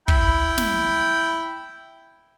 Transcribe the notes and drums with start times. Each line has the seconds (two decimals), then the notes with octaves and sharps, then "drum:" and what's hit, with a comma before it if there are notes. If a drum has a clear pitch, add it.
0.08 E4 G5 B5, drum: kick
0.58 drum: snare